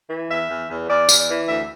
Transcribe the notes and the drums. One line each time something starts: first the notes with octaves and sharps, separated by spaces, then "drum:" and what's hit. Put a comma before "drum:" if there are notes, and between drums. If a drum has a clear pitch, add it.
E3
E2 E5
E2
E2
E2 D5
E2, drum: tambourine
D5
E3
D2 E5